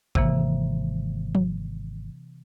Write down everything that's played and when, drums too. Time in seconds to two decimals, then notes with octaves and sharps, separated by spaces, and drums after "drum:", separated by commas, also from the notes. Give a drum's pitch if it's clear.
0.15 G#1 C3 E3 A#3, drum: kick A1
1.35 drum: tom F3